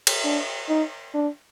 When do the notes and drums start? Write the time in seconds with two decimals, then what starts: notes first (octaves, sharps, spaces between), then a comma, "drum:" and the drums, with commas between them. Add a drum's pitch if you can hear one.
0.07 drum: cymbal
0.24 D4
0.69 D#4
1.14 D4